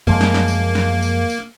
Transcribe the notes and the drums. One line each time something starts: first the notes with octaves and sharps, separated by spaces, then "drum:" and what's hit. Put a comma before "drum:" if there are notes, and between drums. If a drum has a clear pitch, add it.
F#2 F3 G#3 A#3
drum: snare
drum: snare
drum: tambourine
drum: snare
drum: tambourine
drum: tambourine